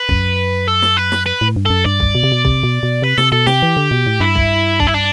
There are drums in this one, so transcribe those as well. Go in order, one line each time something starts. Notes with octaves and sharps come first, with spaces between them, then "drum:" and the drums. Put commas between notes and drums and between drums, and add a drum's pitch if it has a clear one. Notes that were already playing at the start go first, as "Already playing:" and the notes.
Already playing: B4
F#2, drum: kick B1
A4
drum: snare
B4
drum: snare
B4
A2
G2
F#2 A4
G2 D5
drum: kick B1
B2
C3
B2
C3, drum: kick B1
B2
B2
C3 B4
C3 A4, drum: snare
B2 A4
C3 G4, drum: snare
E3
D3
B2
A2
G2 E4
drum: kick B1
D4, drum: kick B1
E4
D4